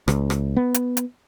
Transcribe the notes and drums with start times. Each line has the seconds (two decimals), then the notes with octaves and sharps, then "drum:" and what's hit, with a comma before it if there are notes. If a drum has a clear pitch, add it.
0.08 C#2, drum: rim click
0.30 drum: rim click
0.56 B3
0.74 drum: hi-hat
0.97 drum: hi-hat